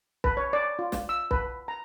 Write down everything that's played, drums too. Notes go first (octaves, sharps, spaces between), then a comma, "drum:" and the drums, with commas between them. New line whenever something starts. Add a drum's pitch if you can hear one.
B4, drum: kick
C#5
D5
F4
drum: snare
E6
B4, drum: kick
A#5